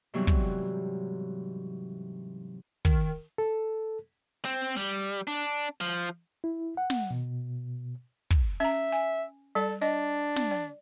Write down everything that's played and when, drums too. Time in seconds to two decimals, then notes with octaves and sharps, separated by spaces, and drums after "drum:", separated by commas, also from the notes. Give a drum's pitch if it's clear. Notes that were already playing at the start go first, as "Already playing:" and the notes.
0.14 G#2 C3 E3 F#3 G3 B3
0.27 drum: kick
2.85 D#3, drum: kick
3.38 A4
4.45 C4
4.77 G3, drum: hi-hat
5.27 D4
5.81 F3
6.44 E4
6.77 F#5
6.90 drum: snare
7.11 B2
8.30 drum: kick
8.60 C#4 E5 A#5
8.92 G#5
9.55 G3 A4 D5
9.81 D4 D#5
10.36 drum: snare
10.51 D5